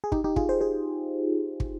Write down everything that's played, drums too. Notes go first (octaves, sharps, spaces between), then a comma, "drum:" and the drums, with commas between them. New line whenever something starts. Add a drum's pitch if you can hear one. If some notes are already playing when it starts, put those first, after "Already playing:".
G#4
D#4 G4, drum: kick
D#4 G4
F4 G#4, drum: kick
G#4 C5
G#4 C5
drum: kick